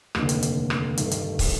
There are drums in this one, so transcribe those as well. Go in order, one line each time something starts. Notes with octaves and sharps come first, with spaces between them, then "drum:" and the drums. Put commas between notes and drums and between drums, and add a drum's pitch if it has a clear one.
F1 D#2 D3, drum: rim click
drum: hi-hat
drum: hi-hat
drum: rim click
G2 D#3 A3, drum: hi-hat
drum: hi-hat
drum: kick, open hi-hat